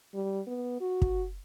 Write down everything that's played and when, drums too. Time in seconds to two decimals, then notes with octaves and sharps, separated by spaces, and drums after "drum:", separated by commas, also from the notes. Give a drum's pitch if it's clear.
0.14 G3
0.47 B3
0.81 F#4
1.02 drum: kick